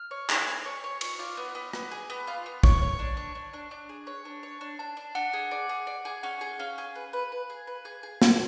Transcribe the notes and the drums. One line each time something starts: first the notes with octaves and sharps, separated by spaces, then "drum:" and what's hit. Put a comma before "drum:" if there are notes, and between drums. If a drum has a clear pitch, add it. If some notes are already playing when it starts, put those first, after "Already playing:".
Already playing: F6
C#5
G#4, drum: clap
G#5
C#5
C#5
C#5, drum: cymbal
F4 D6
B3
B3
B3, drum: rim click
G#4
B3
F4
B3
C#5 C#6, drum: kick
C#5
D4
C#5
D4
D4
D4
G#4
C#5
D4
C#5
D4
D4 A5
D4
D4 F#5
G#4
D5
G#4
D5
G#4
C#4 F#5
G#4
C#4 F5
G#4
B4
B4
B4
G#4
B4
G#4
G#4
G#4, drum: snare